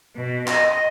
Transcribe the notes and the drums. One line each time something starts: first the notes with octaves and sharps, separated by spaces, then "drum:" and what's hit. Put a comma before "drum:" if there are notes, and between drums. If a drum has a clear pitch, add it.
B2
D#5, drum: clap